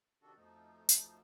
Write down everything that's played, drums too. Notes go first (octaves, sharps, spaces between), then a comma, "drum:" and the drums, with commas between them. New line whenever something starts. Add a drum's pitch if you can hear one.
C3 D#3 D4 F#4 A4
F2 B2 F3 A3 D#4
drum: hi-hat